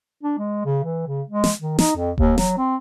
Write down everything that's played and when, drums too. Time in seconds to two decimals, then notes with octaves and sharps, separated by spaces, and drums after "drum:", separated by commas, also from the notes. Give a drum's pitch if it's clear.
0.24 D4
0.38 G#3
0.65 C#3
0.84 E3
1.07 C#3
1.30 G#3
1.44 drum: snare
1.60 D#3
1.79 D#4, drum: snare
1.96 F2
2.18 D#2, drum: kick E1
2.38 F#3, drum: snare
2.58 C4